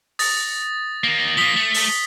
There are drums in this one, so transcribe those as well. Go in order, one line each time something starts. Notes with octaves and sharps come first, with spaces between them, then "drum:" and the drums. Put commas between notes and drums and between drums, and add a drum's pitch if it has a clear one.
D#6 A6 A#6, drum: open hi-hat
D#3 A#3
F3 A#3 D#6 B6 G7
A3
drum: open hi-hat